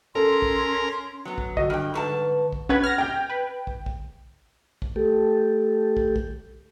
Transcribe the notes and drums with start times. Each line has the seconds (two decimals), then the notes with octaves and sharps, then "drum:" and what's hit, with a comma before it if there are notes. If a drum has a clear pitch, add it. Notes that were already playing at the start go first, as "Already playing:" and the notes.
0.15 C#4 A4 A#4 C6
0.42 drum: kick
1.25 F#3 B3
1.38 drum: kick
1.57 D3 G3 F#4 D#5, drum: kick
1.70 G2 G5 F6
1.94 G#2 A4 B4 F#5 A5 C#6
2.52 drum: kick
2.69 C#4 B4 F#5 G#6, drum: kick
2.83 F6 A#6
2.98 G5 G6
3.30 B4
3.67 drum: kick
3.86 drum: kick
4.82 drum: kick
4.96 A3 G4 A4
5.97 drum: kick
6.16 drum: kick